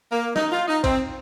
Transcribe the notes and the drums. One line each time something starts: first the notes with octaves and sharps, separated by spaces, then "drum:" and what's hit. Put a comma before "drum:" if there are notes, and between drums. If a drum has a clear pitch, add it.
A#3
D#4, drum: snare
F4
D#4
C4, drum: kick A1, cymbal